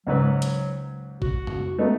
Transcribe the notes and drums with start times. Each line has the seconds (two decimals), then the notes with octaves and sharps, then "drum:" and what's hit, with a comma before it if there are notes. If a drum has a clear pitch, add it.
0.07 C#2 G#2 F#3 B4
0.42 drum: hi-hat
1.22 F#4, drum: kick
1.47 drum: tom
1.78 A3 B3 D#4